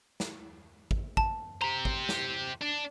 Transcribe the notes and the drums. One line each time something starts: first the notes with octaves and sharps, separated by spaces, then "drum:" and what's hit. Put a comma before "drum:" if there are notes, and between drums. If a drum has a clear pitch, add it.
drum: snare
drum: kick
A5, drum: kick
G4 C5 A#5
drum: kick
drum: snare
D4